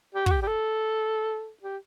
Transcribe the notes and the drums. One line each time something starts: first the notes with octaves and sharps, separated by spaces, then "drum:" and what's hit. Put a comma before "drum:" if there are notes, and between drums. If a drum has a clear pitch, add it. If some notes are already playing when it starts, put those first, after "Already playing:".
G4
F#4, drum: kick
G4
G4
A4
G4